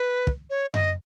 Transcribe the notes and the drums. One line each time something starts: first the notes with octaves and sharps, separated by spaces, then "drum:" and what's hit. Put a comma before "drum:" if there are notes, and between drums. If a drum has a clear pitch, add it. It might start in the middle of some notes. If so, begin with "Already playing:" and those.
Already playing: B4
drum: kick
C#5
D#5, drum: tom F#2